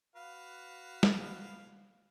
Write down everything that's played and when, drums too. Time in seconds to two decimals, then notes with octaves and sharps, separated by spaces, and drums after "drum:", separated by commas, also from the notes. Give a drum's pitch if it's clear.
0.16 F#4 B4 F5
1.03 drum: snare